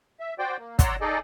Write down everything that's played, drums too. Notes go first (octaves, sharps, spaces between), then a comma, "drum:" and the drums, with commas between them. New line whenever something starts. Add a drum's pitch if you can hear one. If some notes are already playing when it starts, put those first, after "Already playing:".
E5
F#4 C5 D5 G5
A#3
C#5 D5 F#5 A#5 C6 E6, drum: kick, hi-hat
D#4 G#4 A4 D5 D#5